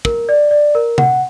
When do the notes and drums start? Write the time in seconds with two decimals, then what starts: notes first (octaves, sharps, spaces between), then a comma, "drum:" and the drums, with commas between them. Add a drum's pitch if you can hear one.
0.05 A#4, drum: kick
0.29 D5
0.51 D5
0.75 A#4
0.98 F#5, drum: tom C3